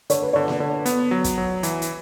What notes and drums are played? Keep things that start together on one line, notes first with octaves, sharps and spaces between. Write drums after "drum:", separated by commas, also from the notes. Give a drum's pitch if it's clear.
D3 C#5, drum: hi-hat
B4
D3 C#5
drum: snare A#3
D3
B3, drum: hi-hat
F#3
drum: kick, hi-hat
F#3
E3, drum: hi-hat
drum: hi-hat